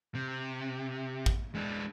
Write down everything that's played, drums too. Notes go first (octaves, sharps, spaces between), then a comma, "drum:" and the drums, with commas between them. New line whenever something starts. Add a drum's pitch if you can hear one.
C3
drum: kick A1
G#3 D4